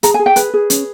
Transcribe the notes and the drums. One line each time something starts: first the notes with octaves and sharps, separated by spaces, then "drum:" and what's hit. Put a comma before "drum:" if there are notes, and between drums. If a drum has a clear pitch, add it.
G#4 A#5, drum: hi-hat
G#5
G#4
G5
G#4 B4, drum: hi-hat
G#4
C#4, drum: hi-hat